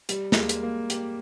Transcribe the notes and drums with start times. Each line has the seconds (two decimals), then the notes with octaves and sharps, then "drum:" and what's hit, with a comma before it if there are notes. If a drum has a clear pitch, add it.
0.09 G3, drum: hi-hat
0.32 A#3, drum: snare
0.36 G#3
0.49 drum: hi-hat
0.63 A#3
0.90 G4, drum: hi-hat